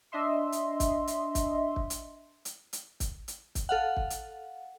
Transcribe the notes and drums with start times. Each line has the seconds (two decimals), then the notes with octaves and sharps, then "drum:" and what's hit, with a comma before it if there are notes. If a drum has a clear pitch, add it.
0.12 D4 D#5 E5 C6
0.52 drum: hi-hat
0.80 drum: kick, hi-hat
1.07 drum: hi-hat
1.35 drum: kick, hi-hat
1.76 drum: kick
1.90 drum: hi-hat
2.45 drum: hi-hat
2.73 drum: hi-hat
3.00 drum: kick, hi-hat
3.28 drum: hi-hat
3.55 drum: kick, hi-hat
3.69 A4 F5 F#5
3.97 drum: kick
4.10 drum: hi-hat